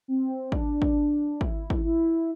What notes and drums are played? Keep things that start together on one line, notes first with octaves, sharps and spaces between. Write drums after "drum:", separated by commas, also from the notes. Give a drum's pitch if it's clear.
C4
D4, drum: kick
drum: kick
E4, drum: kick
drum: kick
E4